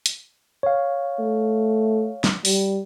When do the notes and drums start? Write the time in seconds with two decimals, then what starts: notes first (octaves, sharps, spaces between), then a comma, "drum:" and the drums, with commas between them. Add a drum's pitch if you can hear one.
0.06 drum: hi-hat
0.63 C#5 F5
1.19 A3
2.24 drum: snare
2.45 G3, drum: open hi-hat